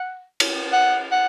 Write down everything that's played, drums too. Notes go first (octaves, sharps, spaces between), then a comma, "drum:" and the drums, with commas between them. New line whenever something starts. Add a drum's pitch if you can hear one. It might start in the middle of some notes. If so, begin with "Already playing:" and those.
Already playing: F#5
drum: cymbal
F#5
F#5